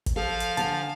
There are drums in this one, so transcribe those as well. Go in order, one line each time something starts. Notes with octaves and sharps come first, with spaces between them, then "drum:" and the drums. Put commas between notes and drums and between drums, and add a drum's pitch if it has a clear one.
drum: kick, hi-hat
F3 A4 F5
drum: hi-hat
D3 G#5 A5, drum: hi-hat